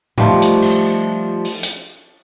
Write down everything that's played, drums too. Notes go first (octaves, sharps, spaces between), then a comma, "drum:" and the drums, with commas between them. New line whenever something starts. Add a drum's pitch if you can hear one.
F3 G3 A3 D#4 F4 G4, drum: tom G#2
drum: hi-hat
drum: cymbal
drum: open hi-hat
drum: hi-hat